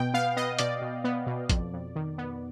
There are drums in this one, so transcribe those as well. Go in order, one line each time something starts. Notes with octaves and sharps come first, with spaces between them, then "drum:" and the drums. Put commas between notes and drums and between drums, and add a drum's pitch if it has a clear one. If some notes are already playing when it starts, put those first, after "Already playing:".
Already playing: B2 B3 G5
B3 F5
B3 D#5
B2 D5, drum: hi-hat
B2
B3
B2
F2, drum: kick, hi-hat
F2
D#3
B3